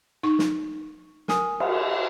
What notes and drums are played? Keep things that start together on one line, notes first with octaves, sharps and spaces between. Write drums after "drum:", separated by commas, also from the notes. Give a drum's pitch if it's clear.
D#4 C#6
drum: snare
A#4 G#5 D#6, drum: snare
drum: cymbal